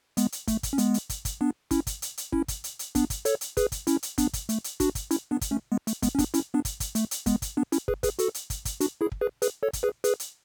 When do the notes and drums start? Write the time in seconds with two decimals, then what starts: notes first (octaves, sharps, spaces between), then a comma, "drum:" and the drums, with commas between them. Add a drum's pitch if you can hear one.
0.17 G#3 B3, drum: hi-hat
0.32 drum: hi-hat
0.48 A3, drum: kick, hi-hat
0.63 drum: kick, hi-hat
0.73 C#4
0.78 G#3 B3, drum: hi-hat
0.94 drum: hi-hat
1.10 drum: kick, hi-hat
1.25 drum: kick, hi-hat
1.41 B3 D4
1.71 C#4 E4, drum: kick, hi-hat
1.87 drum: kick, hi-hat
2.02 drum: hi-hat
2.17 drum: hi-hat
2.32 C#4 E4, drum: kick
2.48 drum: kick, hi-hat
2.64 drum: hi-hat
2.79 drum: hi-hat
2.95 B3 D4, drum: kick, hi-hat
3.10 drum: kick, hi-hat
3.25 A4 C#5, drum: hi-hat
3.41 drum: hi-hat
3.57 G#4 B4, drum: kick, hi-hat
3.72 drum: kick, hi-hat
3.87 C#4 E4, drum: hi-hat
4.03 drum: hi-hat
4.18 B3 D4, drum: kick, hi-hat
4.33 drum: kick, hi-hat
4.49 A3, drum: hi-hat
4.64 drum: hi-hat
4.80 D4 F#4, drum: kick, hi-hat
4.95 drum: kick, hi-hat
5.11 C#4 E4, drum: hi-hat
5.31 B3 D4
5.41 drum: kick, hi-hat
5.51 A3 C#4
5.72 G#3 B3
5.87 A3, drum: hi-hat
6.03 G#3 B3, drum: kick, hi-hat
6.15 C#4
6.19 B3 D4, drum: kick, hi-hat
6.34 C#4 E4, drum: hi-hat
6.54 B3 D4
6.65 drum: kick, hi-hat
6.80 drum: kick, hi-hat
6.95 A3, drum: hi-hat
7.11 drum: hi-hat
7.26 G#3 B3, drum: kick, hi-hat
7.42 drum: kick, hi-hat
7.57 B3 D4
7.72 C#4 E4, drum: hi-hat
7.88 G#4 B4, drum: kick
8.03 G#4 B4, drum: kick, hi-hat
8.19 F#4 A4, drum: hi-hat
8.34 drum: hi-hat
8.50 drum: kick, hi-hat
8.65 drum: kick, hi-hat
8.81 D4 F#4, drum: hi-hat
9.01 E4 G#4
9.12 drum: kick
9.21 G#4 B4
9.42 G#4 B4, drum: hi-hat
9.63 A4 C#5
9.73 drum: kick, hi-hat
9.83 G#4 B4
10.04 G#4 B4, drum: hi-hat
10.20 drum: hi-hat